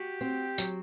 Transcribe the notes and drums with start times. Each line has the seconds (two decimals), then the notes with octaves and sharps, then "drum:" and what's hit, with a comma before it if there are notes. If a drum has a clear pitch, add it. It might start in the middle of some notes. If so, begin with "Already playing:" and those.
Already playing: F#4 G4
0.21 C4
0.58 F#3, drum: tambourine